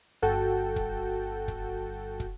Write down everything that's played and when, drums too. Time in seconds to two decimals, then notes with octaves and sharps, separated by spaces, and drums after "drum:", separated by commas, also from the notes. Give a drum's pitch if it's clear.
0.22 G1 F#4 A4 G5
0.76 drum: kick
1.48 drum: kick
2.20 drum: kick